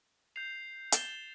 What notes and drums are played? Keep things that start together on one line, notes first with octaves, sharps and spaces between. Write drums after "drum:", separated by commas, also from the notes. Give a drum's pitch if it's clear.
G6 C7 F7
A6 E7 G7, drum: hi-hat